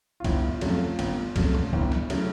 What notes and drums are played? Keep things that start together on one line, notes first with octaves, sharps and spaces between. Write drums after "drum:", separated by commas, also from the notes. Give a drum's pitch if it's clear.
F4
G1 E4, drum: kick C2, cymbal
F4
F2 C#3 F#3 A3, drum: cymbal
F4
G1, drum: cymbal
F2 C#3 F#3 A3, drum: kick C2, cymbal
drum: tom C3
G1 E4, drum: kick C2
drum: snare
C#3 F#3 A3 E4, drum: cymbal